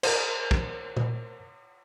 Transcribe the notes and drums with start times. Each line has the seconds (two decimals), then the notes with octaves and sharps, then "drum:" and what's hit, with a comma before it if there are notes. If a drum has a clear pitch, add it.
0.03 A#4 C5, drum: cymbal
0.51 drum: kick
0.96 drum: tom